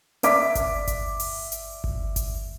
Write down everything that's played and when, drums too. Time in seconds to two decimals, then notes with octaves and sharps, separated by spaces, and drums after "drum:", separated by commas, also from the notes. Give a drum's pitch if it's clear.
0.23 D5 E5 D6 B6, drum: hi-hat
0.55 drum: kick G1, hi-hat
0.87 drum: kick G1, hi-hat
1.20 drum: open hi-hat
1.52 drum: hi-hat
1.84 drum: kick G1
2.16 drum: kick G1, hi-hat